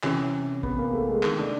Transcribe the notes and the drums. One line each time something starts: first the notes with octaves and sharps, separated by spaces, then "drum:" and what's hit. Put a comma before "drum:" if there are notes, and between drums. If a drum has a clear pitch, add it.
C3 E3 C#4, drum: clap
B3, drum: kick
A#3
A3
G#3
C3 D#3 A3, drum: clap
D4